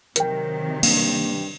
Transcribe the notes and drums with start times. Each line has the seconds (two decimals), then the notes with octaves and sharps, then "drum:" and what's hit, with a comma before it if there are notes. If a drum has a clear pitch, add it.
0.16 C3 D#3 F#3 A#4 G5, drum: hi-hat
0.83 G2 A#3, drum: cymbal